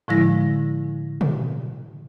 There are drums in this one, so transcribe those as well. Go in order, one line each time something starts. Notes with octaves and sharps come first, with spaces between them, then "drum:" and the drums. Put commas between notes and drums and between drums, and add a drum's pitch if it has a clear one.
A2 D3 F3 G#3 E4 A#6
drum: tom